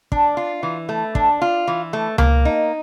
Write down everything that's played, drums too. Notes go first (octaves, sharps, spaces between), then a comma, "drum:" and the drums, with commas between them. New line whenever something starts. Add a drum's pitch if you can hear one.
D4, drum: kick
F4
E3
A3
D4, drum: kick
F4
E3
A3
A#3, drum: tom C#2
D#4